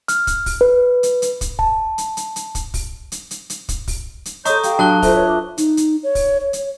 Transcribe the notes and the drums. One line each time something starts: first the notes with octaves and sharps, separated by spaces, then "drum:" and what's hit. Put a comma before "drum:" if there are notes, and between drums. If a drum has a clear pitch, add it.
F6, drum: hi-hat
drum: kick, hi-hat
drum: kick, open hi-hat
B4
drum: hi-hat
drum: hi-hat
drum: kick, hi-hat
A5, drum: kick
drum: hi-hat
drum: hi-hat
drum: hi-hat
drum: kick, hi-hat
drum: kick, open hi-hat
drum: hi-hat
drum: hi-hat
drum: hi-hat
drum: kick, hi-hat
drum: kick, open hi-hat
drum: hi-hat
A4 C#5 D#5 A#5 C6 C#6 D#6 G6, drum: hi-hat
G4 F5 G5, drum: hi-hat
F#3 D4 F#4 A5 F#6 G7
F4 A4 C5 E5, drum: kick, open hi-hat
B4 C#5
D4 D6
D#4, drum: hi-hat
drum: hi-hat
C#5
drum: kick, open hi-hat
C#5
drum: hi-hat